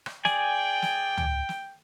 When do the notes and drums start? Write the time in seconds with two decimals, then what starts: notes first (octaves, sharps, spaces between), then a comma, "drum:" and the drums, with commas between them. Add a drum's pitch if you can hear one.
0.06 drum: rim click
0.25 G#4 D5 G5 G#5, drum: snare
0.82 drum: snare
1.17 drum: tom
1.49 drum: snare